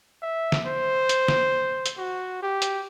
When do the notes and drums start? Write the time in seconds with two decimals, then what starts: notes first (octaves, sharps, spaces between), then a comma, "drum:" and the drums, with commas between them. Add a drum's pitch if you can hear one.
0.23 E5
0.52 drum: snare
0.67 C5
1.09 drum: hi-hat
1.28 drum: snare
1.86 drum: hi-hat
1.98 F#4
2.43 G4
2.62 drum: hi-hat